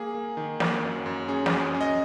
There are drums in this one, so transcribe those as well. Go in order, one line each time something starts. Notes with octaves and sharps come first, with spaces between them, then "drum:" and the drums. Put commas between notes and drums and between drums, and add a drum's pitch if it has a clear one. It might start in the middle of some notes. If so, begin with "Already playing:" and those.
Already playing: A#3 G#4
A#3
D#3
A#3, drum: snare
F#2
F#2
C#4 G#4
G#4, drum: snare
F#2
C#4
D#5